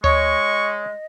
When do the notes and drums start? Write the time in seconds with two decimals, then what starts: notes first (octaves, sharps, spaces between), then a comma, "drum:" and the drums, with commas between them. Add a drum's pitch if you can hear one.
0.04 G#3 C#5 D#5 C#6, drum: tom D2